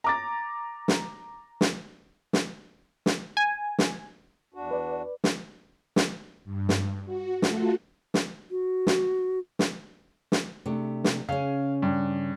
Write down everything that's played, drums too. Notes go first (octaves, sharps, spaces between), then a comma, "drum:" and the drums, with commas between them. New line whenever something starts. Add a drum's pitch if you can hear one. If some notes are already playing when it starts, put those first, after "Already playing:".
A#5 D6 A6
drum: snare
drum: snare
drum: snare
drum: snare
G#5
drum: snare
E2 D4 F#4
B4 D5
drum: snare
drum: snare
G2
drum: snare
F#4
A3 F4 F#4 A4, drum: snare
drum: snare
F#4
drum: snare
drum: snare
drum: snare
C3 A3 D4
drum: snare
C#3 C#4 F5
G2